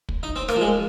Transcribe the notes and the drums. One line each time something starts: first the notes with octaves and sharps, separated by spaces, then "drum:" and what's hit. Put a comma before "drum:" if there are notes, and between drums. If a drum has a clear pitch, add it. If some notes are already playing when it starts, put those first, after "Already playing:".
drum: kick
D#4
C4
A#3, drum: rim click
F3
G#3